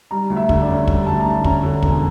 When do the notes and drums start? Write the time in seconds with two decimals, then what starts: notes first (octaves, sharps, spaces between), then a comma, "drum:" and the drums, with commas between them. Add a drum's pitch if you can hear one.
0.11 G3 A#5
0.30 D2
0.37 E5
0.49 D3, drum: kick
0.62 D5
0.68 C#4
0.88 G3, drum: kick
1.06 D2 A5
1.20 A#5
1.25 D3 A5
1.44 C#4 A#5, drum: kick
1.63 D3
1.83 E1, drum: kick